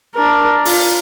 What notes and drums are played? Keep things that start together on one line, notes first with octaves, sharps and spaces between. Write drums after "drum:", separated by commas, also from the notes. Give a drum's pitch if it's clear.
D4 A#4
F4, drum: open hi-hat